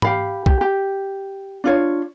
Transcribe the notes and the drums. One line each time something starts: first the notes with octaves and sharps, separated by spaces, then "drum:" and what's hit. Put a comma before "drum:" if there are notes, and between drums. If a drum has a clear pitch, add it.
G4 F5 B5, drum: tom
G4, drum: kick B1
G4
D4 F4 C#5